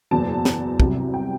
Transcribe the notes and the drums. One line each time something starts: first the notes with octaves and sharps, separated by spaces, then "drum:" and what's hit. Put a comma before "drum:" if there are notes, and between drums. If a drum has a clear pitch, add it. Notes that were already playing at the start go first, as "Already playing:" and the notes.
F#1 E2 B2 F#3 A5
drum: snare
C2 C3 F#3, drum: kick
G5